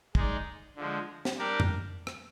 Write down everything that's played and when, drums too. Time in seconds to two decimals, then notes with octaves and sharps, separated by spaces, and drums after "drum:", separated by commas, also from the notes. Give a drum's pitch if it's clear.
0.15 G#3 D#4 G#4 D5, drum: kick
0.76 D3 F3 G#3
1.25 drum: snare
1.39 G3 D4 G4 A#4 D5
1.60 drum: tom F2
2.07 drum: rim click